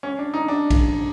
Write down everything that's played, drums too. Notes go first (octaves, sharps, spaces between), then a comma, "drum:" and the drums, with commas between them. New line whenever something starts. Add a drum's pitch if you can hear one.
C#4
D4
D#4
D4
drum: kick A#1, cymbal